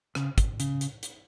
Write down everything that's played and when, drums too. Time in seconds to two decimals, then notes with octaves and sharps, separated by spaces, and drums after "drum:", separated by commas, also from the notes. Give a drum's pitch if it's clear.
0.15 C#3, drum: rim click
0.38 drum: kick, hi-hat
0.60 C#3, drum: hi-hat
0.81 drum: hi-hat
1.03 drum: hi-hat